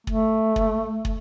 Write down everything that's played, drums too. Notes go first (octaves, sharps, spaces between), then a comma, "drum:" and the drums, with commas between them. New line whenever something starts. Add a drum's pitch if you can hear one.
A3, drum: kick
drum: kick
drum: kick